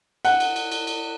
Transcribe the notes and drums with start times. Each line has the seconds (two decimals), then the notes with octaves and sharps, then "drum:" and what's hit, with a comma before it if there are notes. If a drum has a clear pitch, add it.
0.25 F#5, drum: cymbal
0.40 drum: cymbal
0.56 drum: cymbal
0.72 drum: cymbal
0.87 drum: cymbal